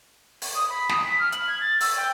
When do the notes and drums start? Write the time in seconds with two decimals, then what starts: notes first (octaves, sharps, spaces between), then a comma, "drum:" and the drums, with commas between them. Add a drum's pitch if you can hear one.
0.42 drum: open hi-hat
0.55 D#6
0.69 B5
0.89 D#6, drum: snare
1.04 B6
1.19 F6
1.32 F#7, drum: hi-hat
1.47 G#6
1.61 A6
1.81 E6, drum: open hi-hat
1.96 G5